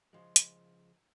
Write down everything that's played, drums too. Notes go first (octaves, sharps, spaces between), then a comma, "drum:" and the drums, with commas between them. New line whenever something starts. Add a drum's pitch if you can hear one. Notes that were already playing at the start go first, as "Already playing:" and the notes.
C#3 F3 G#3
drum: hi-hat